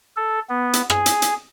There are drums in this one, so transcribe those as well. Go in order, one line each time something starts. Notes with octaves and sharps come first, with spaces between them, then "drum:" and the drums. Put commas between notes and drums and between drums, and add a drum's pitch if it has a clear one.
A4
B3
drum: hi-hat
G#4, drum: rim click
drum: hi-hat
drum: hi-hat